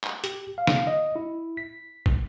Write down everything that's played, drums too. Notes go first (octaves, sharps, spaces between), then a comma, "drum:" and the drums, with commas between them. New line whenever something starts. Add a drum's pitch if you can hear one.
drum: clap
G4, drum: hi-hat
F5
drum: snare
D#5
E4
B6
drum: kick